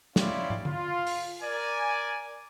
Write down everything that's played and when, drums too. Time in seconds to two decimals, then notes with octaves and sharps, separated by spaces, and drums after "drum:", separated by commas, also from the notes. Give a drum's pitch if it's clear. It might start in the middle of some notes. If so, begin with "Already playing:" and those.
0.16 C#4 E4 G4 D5 F5 C6, drum: snare
0.50 drum: tom
0.65 F4, drum: tom D3
1.07 drum: open hi-hat
1.42 A#4 D5 G#5